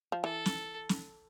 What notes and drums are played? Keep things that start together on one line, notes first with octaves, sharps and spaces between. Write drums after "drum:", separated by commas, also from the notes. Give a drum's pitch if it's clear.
F3
E3 A4
drum: snare
drum: snare